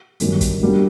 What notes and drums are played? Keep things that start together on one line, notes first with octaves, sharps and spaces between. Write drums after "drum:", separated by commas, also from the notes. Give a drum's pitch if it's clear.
G1 F#2 D#3 G3, drum: hi-hat
drum: kick, hi-hat
B2 G3 A#3 D4 G4